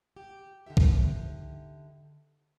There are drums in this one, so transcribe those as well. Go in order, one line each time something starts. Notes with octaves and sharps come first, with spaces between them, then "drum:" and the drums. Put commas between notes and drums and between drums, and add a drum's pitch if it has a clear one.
G4
D3 D#4 G4 E5
drum: kick B1